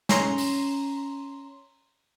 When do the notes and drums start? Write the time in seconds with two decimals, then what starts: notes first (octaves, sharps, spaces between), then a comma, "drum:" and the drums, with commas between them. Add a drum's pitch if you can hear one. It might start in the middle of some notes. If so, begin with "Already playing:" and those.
0.09 C#4 A#5 C6, drum: snare
0.38 drum: open hi-hat